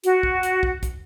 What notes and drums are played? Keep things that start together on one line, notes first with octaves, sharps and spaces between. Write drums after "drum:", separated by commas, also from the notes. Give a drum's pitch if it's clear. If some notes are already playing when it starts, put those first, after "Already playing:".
F#4, drum: hi-hat
drum: kick
drum: hi-hat
drum: kick
drum: kick, hi-hat